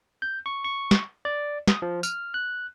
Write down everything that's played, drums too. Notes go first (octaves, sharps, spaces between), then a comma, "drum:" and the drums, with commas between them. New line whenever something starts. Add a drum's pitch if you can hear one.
G6
C#6
C#6
drum: snare
D5
D#6, drum: snare
F3
F6, drum: tambourine
F#6